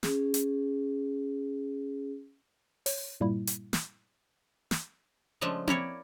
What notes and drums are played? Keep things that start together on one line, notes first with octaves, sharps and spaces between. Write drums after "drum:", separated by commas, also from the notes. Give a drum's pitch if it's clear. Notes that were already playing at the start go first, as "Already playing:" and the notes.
C#4 G#4, drum: snare
drum: hi-hat
C#5, drum: open hi-hat
G2 A#2 G3 A#3 E4
drum: hi-hat
drum: snare
drum: snare
C#3 F3 G#3 A3 D4
A#3 E4 C#5 D5, drum: tom C4